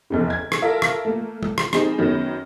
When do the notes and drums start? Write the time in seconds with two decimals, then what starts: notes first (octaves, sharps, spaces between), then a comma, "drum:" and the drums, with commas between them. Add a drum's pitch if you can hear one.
0.10 F1 E2 C#3
0.30 G#6
0.52 drum: rim click
0.62 F4 A4 A#4 E5
0.82 drum: rim click
1.05 A3 A#3
1.43 drum: tom
1.58 drum: rim click
1.73 G3 C4 D#4 G#4, drum: rim click
1.98 F#2 D#3 F#3 B3